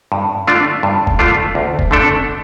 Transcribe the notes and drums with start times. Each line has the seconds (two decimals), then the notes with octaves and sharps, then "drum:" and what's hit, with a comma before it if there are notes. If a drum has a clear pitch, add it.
0.12 G2
0.47 D3 A3 D4 F4
0.83 G2
1.07 drum: kick
1.19 D3 A3 D4 F4
1.55 D2
1.79 drum: kick
1.91 D3 A3 D4 A4